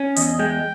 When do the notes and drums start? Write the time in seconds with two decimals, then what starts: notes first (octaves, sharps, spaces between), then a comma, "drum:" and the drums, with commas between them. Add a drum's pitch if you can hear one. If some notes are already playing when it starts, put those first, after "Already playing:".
Already playing: C#4
0.16 E2 D#5, drum: hi-hat
0.39 G#3 G5